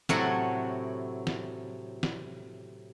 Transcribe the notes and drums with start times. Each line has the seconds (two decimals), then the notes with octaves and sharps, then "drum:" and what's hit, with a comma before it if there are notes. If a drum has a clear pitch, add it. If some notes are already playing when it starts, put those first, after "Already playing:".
0.09 A2 C3 F#3 A4 F#5 G#5, drum: snare
1.27 drum: snare
2.03 drum: snare